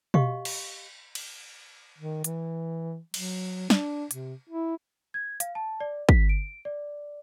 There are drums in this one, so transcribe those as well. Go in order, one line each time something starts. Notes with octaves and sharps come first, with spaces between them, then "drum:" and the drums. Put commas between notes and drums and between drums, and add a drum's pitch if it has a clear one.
G4 D#5 F5 C#6, drum: tom B2
drum: cymbal
drum: cymbal
D#3
E3, drum: hi-hat
F#3, drum: cymbal
D4, drum: snare
C3, drum: hi-hat
E4
G#6
F5, drum: hi-hat
A5
D5
B6, drum: kick
D7
D5